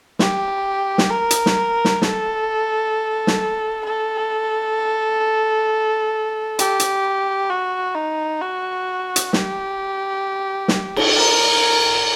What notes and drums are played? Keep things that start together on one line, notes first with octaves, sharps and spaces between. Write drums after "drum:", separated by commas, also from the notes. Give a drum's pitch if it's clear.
G4, drum: snare
drum: snare
A#4
drum: hi-hat
drum: snare
drum: snare
A4, drum: snare
drum: snare
A4
G4, drum: hi-hat
drum: hi-hat
F#4
D#4
F#4
drum: hi-hat
G4, drum: snare
drum: snare
drum: cymbal
A#4